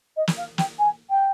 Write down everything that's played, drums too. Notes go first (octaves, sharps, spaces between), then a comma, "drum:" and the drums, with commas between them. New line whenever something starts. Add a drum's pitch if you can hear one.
D#5
drum: snare
F5
G5, drum: snare
G#5
G5